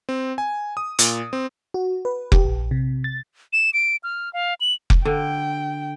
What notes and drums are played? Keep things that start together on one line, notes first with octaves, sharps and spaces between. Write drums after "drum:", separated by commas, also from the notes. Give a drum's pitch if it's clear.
C4
G#5
D#6
A#2, drum: hi-hat
C4
F#4
B4
G4, drum: kick F1
A#1
C3
A6
E7
D7
F6
F5
F#7
drum: kick F1
D3 G5